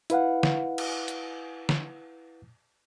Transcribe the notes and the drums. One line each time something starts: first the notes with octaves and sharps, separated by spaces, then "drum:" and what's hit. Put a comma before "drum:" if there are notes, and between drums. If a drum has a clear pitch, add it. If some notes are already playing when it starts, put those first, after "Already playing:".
E4 B4 F5 F#5, drum: hi-hat
drum: snare
drum: cymbal
drum: hi-hat
drum: snare